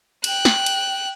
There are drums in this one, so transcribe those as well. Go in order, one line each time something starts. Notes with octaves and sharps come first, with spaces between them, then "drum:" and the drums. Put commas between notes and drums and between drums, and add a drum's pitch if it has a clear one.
G5 F#6, drum: cymbal
drum: snare
drum: cymbal